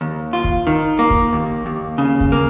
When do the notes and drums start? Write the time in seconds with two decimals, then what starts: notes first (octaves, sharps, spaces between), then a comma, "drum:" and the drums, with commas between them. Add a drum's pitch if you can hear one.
0.01 D#2
0.33 F4
0.44 drum: kick
0.67 D#3
0.99 A#3
1.10 drum: kick
1.33 D#2
1.66 D#2
1.98 C#3
2.20 drum: kick
2.32 A#3